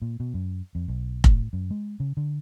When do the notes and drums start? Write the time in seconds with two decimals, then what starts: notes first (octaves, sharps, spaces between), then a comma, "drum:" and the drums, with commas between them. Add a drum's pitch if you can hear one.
0.02 A#2
0.20 B2
0.34 F#2
0.75 F2
0.88 B1
1.24 A2, drum: kick F1
1.53 F#2
1.70 G#3
2.00 C#3
2.17 D3